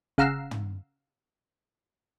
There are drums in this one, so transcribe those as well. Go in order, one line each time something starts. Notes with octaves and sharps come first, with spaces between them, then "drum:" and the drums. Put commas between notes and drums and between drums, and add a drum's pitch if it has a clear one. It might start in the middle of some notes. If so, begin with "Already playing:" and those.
C#3 F5 F#5 A#5 E6 C7, drum: kick
drum: tom